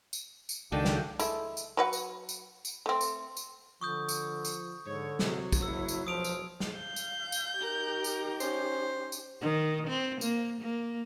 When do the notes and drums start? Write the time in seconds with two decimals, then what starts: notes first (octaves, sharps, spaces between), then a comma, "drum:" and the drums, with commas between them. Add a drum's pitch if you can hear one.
0.13 drum: tambourine
0.49 drum: tambourine
0.72 C#2 D#3 D4 F#4 A4 F5 G5 G#5
0.85 drum: snare
1.19 G#3 A3 E4, drum: tambourine
1.57 drum: tambourine
1.77 F#3 B4 F#5
1.93 drum: tambourine
2.29 drum: tambourine
2.65 drum: tambourine
2.86 A3 C4
3.01 drum: tambourine
3.37 drum: tambourine
3.81 D3 F3 C#6 D#6 G6
4.09 drum: tambourine
4.45 drum: tambourine
4.86 G#2 D3 C#5
5.19 C3 F#3, drum: snare
5.52 drum: kick, tambourine
5.62 F#1 E4 E6
5.88 drum: tambourine
6.07 E1 F3 D#6 D7 F7
6.24 drum: tambourine
6.60 drum: snare
6.76 F5 G6
6.96 drum: tambourine
7.32 drum: tambourine
7.60 D#4 G4 A#4
8.04 drum: tambourine
8.40 C#4 C5, drum: tambourine
9.12 drum: tambourine
9.42 D#3
9.88 C4
10.21 A#3, drum: tambourine
10.61 A#3